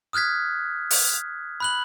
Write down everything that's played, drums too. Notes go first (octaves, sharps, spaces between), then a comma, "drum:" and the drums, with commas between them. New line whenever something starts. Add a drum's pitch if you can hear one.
D#6 F6 F#6 G#6 B6
drum: open hi-hat
B5 F#6 F#7